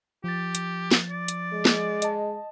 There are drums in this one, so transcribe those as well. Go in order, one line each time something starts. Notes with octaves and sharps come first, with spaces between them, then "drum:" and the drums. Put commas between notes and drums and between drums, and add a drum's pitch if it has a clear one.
F3 G4 A6
drum: hi-hat
drum: snare
D5
drum: hi-hat
G#3
drum: snare
D#5 A5, drum: hi-hat